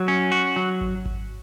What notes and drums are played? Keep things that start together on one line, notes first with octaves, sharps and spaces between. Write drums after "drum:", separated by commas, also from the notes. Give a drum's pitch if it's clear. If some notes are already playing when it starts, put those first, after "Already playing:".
Already playing: F#3
C#4
F#4
F#3
drum: kick G#1
drum: kick G#1